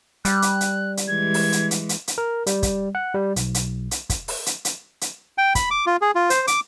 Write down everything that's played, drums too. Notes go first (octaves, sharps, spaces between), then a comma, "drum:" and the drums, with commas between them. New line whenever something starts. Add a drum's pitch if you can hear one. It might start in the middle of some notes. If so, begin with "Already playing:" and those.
G3 F#6, drum: hi-hat
drum: hi-hat
drum: hi-hat
drum: hi-hat
E3 G#3 G#6
drum: open hi-hat
drum: hi-hat
drum: hi-hat
drum: hi-hat
drum: hi-hat
A#4
G3, drum: hi-hat
drum: kick, hi-hat
F#5
G3
B1, drum: hi-hat
drum: hi-hat
drum: hi-hat
drum: kick, hi-hat
drum: open hi-hat
drum: hi-hat
drum: hi-hat
drum: hi-hat
G5
B5, drum: kick, hi-hat
D6
F4
G#4
F4
C5, drum: hi-hat
D6, drum: hi-hat